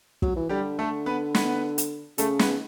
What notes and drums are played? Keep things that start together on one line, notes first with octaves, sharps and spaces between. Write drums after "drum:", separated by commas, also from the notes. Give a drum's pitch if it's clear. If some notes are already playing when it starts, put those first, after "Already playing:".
F#3, drum: kick
E3
D3 G3 G4
A3 A4
B3 B4
B3 B4, drum: snare
drum: hi-hat
C#3 A3 A4, drum: hi-hat
B3 B4, drum: snare